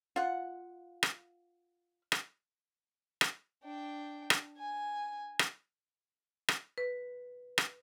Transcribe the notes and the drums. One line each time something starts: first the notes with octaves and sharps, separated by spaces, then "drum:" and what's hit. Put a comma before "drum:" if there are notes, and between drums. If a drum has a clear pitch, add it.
F4 F#5
drum: rim click
drum: rim click
drum: rim click
D4 G5
drum: rim click
G#5
drum: rim click
drum: rim click
B4
drum: rim click